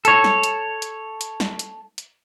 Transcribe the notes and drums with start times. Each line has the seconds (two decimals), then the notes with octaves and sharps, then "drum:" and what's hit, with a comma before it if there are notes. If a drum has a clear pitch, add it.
0.05 A4 C#5, drum: hi-hat
0.24 drum: snare
0.43 drum: hi-hat
0.82 drum: hi-hat
1.21 drum: hi-hat
1.40 drum: snare
1.59 drum: hi-hat
1.98 drum: hi-hat